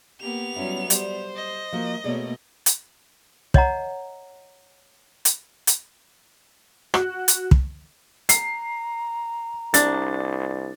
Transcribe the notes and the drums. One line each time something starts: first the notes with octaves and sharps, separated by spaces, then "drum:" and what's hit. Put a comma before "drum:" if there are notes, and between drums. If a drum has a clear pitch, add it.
A#3 B3 G4 F7
F#3 G3 C#4 E4
G3 C5 D5, drum: hi-hat
D#5
F3 A#3 F#4
B2 A3 A#3 G#4 C#5 D5
drum: hi-hat
C#5 D#5 F#5 A#5, drum: kick
drum: hi-hat
drum: hi-hat
F#4, drum: rim click
drum: hi-hat
drum: kick
A#5 C7, drum: hi-hat
C2 D4 A6, drum: hi-hat